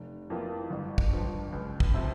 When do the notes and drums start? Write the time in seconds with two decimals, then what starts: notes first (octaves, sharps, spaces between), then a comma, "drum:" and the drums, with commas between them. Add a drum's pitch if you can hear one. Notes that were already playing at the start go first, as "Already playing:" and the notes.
Already playing: F1
0.30 F2 E3 A#3 F4
0.70 G1
0.98 drum: kick
1.11 G2 F3
1.53 C#2
1.80 drum: kick
1.94 C3 F3